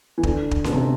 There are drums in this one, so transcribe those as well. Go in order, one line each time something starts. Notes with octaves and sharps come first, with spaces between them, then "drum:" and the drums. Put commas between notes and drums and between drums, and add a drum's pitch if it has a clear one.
E3
D3, drum: kick
drum: kick
B2, drum: snare C#4
C3